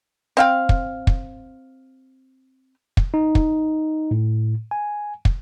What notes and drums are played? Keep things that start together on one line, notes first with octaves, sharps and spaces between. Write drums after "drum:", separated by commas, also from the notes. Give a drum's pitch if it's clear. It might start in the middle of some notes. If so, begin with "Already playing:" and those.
C4 F5 G5
drum: kick
drum: kick
drum: kick
D#4
drum: kick
A2
G#5
drum: kick